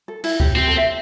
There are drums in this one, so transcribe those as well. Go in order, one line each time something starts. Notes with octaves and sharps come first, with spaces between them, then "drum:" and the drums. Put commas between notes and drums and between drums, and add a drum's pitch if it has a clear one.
A4
E4, drum: cymbal
G4, drum: kick C#2
C4 G4
A4
E5